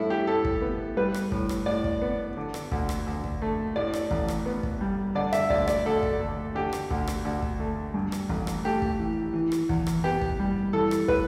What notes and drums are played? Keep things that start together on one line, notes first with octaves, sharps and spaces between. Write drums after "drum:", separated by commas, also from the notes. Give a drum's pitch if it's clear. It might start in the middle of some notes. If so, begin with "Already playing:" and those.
Already playing: A2 G3 E4 A4
G4
A2 A4
drum: kick
B3
G3 B4
drum: rim click
A2, drum: kick
drum: rim click
A2 D5
drum: kick
B3
D3
drum: rim click
D2, drum: kick
drum: rim click
D2
drum: kick
A3
A2 D5
drum: rim click
A1, drum: kick
drum: rim click
B3
drum: kick
G3
D3 D5
E5, drum: rim click
D2 D5, drum: kick
D5, drum: rim click
D2 A4
drum: kick
A3
D3 G4
drum: rim click
D2, drum: kick
drum: rim click
D2
drum: kick
A3
G2
drum: rim click
A1, drum: kick
drum: rim click
A3 G4
drum: kick
E3
E3
drum: rim click
E2, drum: kick
drum: rim click
B3 G4
drum: kick
G3
E3 A4
drum: rim click
A2 B4, drum: kick